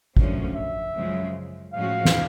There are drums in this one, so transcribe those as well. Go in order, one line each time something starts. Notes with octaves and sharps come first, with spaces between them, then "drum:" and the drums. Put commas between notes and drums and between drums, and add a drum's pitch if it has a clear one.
F#2 D3 F3 A3 C#4, drum: kick
E5
F#2 C#3 F3 G#3
A2 F3 G#3 C#4 F#4 F5
drum: snare